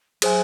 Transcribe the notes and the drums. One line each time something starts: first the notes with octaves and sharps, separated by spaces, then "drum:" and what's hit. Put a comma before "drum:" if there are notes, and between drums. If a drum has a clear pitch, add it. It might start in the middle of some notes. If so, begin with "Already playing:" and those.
F#3 G#4 C5 E5 G#5, drum: cymbal